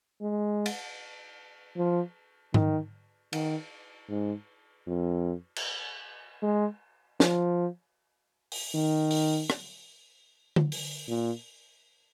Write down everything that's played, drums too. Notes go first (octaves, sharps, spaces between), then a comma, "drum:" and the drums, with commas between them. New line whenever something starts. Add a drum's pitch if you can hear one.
G#3
drum: cymbal
F3
D#3, drum: tom G#2
D#3, drum: cymbal
G#2
F2
drum: cymbal
G#3
F3, drum: snare
drum: open hi-hat
D#3
drum: open hi-hat
drum: rim click
drum: tom D3
drum: open hi-hat
A#2